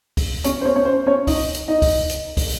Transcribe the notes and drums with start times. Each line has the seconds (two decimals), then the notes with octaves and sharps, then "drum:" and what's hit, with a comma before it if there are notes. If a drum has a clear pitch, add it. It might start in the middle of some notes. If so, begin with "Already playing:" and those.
0.17 drum: kick, open hi-hat
0.44 C#4 C#5, drum: hi-hat
0.61 C5
0.65 C#4 C#5
0.76 C#4 C#5
0.85 C5
1.06 C#4 C#5
1.27 D#4 D#5, drum: kick, open hi-hat
1.55 drum: hi-hat
1.68 D#4 D#5
1.82 drum: kick, open hi-hat
2.09 drum: hi-hat
2.37 drum: kick, open hi-hat